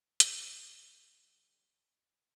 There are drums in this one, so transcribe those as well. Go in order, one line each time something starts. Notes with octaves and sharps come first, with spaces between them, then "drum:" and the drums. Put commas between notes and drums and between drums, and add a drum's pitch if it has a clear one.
D3 G3, drum: hi-hat